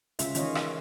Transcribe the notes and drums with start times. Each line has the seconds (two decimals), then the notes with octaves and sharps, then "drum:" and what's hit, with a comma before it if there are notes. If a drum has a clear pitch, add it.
0.19 C#3 G#3 C#4 F4 E5, drum: hi-hat
0.35 D#3 E3 C#4 F4 C#5 D#5, drum: hi-hat
0.55 drum: rim click